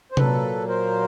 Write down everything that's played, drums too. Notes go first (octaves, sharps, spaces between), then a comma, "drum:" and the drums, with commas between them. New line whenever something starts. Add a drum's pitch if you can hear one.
C5
A#2 F#3 A#3 A4 B4, drum: tom C3
A#4 C5